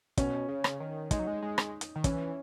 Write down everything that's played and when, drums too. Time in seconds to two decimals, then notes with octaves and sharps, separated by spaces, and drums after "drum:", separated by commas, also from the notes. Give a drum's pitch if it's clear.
0.18 B2 C#4, drum: kick, hi-hat
0.49 C#3
0.64 drum: rim click
0.80 D#3
1.11 G#3 D#4, drum: kick, hi-hat
1.19 F#3
1.27 G#3
1.43 G#3
1.58 drum: rim click
1.81 drum: hi-hat
1.96 D#3
2.04 E3 C#4, drum: kick, hi-hat